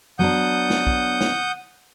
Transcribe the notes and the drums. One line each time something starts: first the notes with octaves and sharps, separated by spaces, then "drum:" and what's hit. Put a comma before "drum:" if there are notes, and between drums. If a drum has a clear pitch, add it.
F#3 B3 D4 F#5 D#6 G6
drum: snare
drum: kick
drum: snare